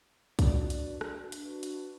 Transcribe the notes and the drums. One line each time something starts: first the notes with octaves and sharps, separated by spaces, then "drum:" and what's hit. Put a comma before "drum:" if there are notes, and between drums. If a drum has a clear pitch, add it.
D4 F#4 B4 D5, drum: kick, hi-hat
drum: hi-hat
drum: rim click
D4 F#4 B4, drum: hi-hat
drum: hi-hat